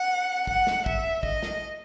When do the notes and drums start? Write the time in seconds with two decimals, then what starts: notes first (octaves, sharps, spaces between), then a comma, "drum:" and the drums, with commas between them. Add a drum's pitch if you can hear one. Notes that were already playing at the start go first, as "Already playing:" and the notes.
Already playing: F#5
0.47 F#5, drum: kick
0.67 drum: snare
0.86 E5, drum: kick
1.23 D#5, drum: kick
1.43 drum: snare